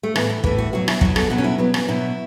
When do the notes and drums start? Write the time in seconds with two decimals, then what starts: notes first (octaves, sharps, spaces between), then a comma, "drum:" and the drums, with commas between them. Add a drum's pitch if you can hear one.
0.03 A3
0.16 A2 E3 B3, drum: rim click
0.30 E4
0.44 A2 E3 E4, drum: kick
0.58 F#4
0.73 B2 F#3 F#4
0.88 E4, drum: rim click
1.01 B2 F#3 F#4, drum: kick
1.16 A4, drum: rim click
1.30 B2 F#3 F#4
1.38 C#4
1.44 E4
1.58 B2 F#3 B3
1.74 C#4, drum: rim click
1.88 B2 F#3 E4